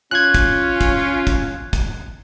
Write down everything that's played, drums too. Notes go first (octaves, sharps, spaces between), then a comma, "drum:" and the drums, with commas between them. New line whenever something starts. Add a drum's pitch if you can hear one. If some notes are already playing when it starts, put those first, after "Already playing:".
C#4 F4 F#6 G#6
drum: kick, hi-hat
drum: kick, hi-hat
drum: kick, hi-hat
drum: kick, hi-hat